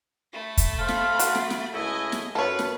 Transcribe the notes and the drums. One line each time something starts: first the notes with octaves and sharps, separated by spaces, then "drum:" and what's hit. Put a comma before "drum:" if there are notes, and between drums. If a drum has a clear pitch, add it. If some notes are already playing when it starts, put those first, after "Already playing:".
A3 B5
drum: kick, hi-hat
A4 C5 F5
drum: snare
F#4, drum: hi-hat
drum: snare
drum: snare
C#2 A3 E4 D#5 G#5
drum: snare
F#2 F4 A4 B4 C#5
drum: snare